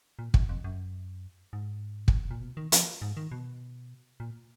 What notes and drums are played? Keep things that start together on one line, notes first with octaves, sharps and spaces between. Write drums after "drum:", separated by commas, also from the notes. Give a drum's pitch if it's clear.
A#2
F#2, drum: kick
F2
F#2
G#2
drum: kick
A#2
B2
D#3
F3, drum: hi-hat
G#2
D#3
B2
A#2